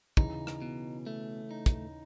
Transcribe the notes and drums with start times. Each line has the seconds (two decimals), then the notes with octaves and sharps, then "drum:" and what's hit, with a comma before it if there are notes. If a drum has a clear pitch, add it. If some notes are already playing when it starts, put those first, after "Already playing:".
0.17 C#3 E3 D#4, drum: kick
0.47 drum: rim click
0.62 B2
1.07 A3
1.51 D#4
1.66 drum: kick, hi-hat